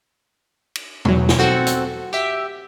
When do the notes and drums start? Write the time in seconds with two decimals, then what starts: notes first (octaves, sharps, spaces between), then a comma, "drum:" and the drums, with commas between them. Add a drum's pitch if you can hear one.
0.75 drum: cymbal
1.05 E2 F#3, drum: tom B2
1.29 drum: snare
1.38 C4 F#4 A4
1.67 drum: hi-hat
2.13 G4 E5